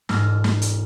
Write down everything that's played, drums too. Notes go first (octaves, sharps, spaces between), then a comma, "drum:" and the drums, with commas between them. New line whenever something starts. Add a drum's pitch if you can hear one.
E1 G#2 E6 F6 A#6, drum: snare
drum: snare
drum: hi-hat